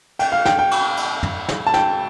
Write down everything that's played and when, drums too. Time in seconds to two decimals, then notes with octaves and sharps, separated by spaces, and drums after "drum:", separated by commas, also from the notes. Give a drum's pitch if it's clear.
0.19 G5, drum: cymbal
0.32 F5
0.45 G5, drum: snare
0.59 G5
0.71 drum: cymbal
0.97 drum: cymbal
1.23 drum: tom
1.49 drum: snare
1.67 A5
1.74 G5, drum: snare